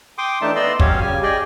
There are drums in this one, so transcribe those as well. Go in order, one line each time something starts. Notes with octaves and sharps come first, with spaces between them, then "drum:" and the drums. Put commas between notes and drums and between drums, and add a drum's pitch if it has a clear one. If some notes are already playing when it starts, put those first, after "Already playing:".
G5 C6 D6 D#6
E3 A3 D4 D#4 E5 A5
B3 D5 D#5 C6 E6
F#3 C#4 G4 C#5 F5, drum: kick
C#3 G3 G#5
G4 G#4 D5 D#5 G5 G#5